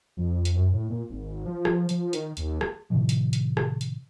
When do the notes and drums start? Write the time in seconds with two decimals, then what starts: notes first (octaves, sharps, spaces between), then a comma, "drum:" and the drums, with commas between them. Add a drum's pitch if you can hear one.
0.17 F2
0.45 drum: hi-hat
0.55 F#2
0.73 A2
0.90 A#2
1.10 G#1
1.46 F3
1.65 drum: rim click
1.89 F3, drum: hi-hat
2.13 D#3, drum: hi-hat
2.37 D#2, drum: hi-hat
2.61 drum: rim click
2.90 A2 C3 D#3 F3
3.09 drum: hi-hat
3.33 drum: hi-hat
3.57 drum: rim click
3.81 drum: hi-hat